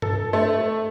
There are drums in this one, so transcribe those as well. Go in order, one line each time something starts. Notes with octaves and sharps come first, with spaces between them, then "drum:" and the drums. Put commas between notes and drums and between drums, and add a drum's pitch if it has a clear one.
A4, drum: tom G2
A3